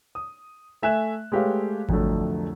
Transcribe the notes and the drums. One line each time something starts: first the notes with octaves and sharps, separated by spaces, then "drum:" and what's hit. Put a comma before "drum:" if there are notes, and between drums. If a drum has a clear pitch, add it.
D#6
A3 E5 G#5 F#6 E7
G#3 A3 G4 B4 C#5 F5
C2 F2 D3 F#3 A3, drum: kick G#1